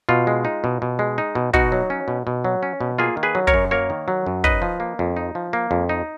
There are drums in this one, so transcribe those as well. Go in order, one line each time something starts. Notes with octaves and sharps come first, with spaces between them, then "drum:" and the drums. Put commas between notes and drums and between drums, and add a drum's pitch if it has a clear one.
B2 F4
G#3
D#4
B2
B2
G#3
D#4
B2
B2 D#4 F#4, drum: kick
F#3
C#4
B2
B2
F#3
C#4
B2
A#3 F4 G#4
D#3
G#4 B4
F#3
A#4 C#5, drum: kick
F#2
A#3 A#4 C#5
D#3
F#3
F#2
D#4 B4 D#5, drum: kick
F3
A#3
F2
D#4
F3
A#3
F2
D#4